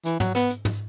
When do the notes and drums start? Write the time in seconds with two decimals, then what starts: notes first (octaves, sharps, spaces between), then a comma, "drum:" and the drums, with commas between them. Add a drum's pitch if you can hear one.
0.05 E3, drum: hi-hat
0.20 F#3, drum: tom
0.35 B3, drum: rim click
0.50 drum: hi-hat
0.65 drum: tom